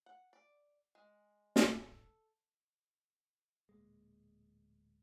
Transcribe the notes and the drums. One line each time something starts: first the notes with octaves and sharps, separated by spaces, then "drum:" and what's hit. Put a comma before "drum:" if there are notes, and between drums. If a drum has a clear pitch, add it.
F#5
D5
G#3
drum: snare
A4
D1 A#2 G#3